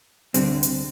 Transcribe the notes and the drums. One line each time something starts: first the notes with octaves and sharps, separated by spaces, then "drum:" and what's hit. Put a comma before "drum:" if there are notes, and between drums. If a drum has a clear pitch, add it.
D2 D3 G3 C4, drum: hi-hat
drum: hi-hat